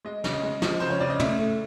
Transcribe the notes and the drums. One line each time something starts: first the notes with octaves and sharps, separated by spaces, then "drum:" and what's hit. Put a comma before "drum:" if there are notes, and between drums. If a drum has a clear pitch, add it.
G#3 D#5
C#3, drum: snare
D#5
G#3
F3 D#5, drum: snare
C#3 C5
C#5
C#3 D5
D#5
A2 E5, drum: tom
A3